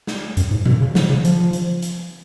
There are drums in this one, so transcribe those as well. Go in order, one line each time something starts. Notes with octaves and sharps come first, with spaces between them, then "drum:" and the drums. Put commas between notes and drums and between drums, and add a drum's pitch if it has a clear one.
drum: snare
F#2, drum: hi-hat
G#2
B2, drum: tom F#3
C#3
F3, drum: snare
C#3
F3, drum: hi-hat
drum: hi-hat
drum: hi-hat